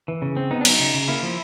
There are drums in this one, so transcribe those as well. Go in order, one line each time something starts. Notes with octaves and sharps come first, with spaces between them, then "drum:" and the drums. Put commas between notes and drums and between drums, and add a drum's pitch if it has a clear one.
E3
C#3
C4
B3 D#4
D4
F#3 D#4, drum: cymbal
C#3
C#3
A#3 E4
F3